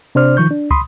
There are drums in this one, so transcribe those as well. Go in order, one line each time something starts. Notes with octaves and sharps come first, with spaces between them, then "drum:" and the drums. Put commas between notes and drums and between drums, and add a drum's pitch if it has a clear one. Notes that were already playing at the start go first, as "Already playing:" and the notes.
C3 D4 C5 D5 F6
D#3 F3 C#6 G6
D4
B5 C6 D#6, drum: kick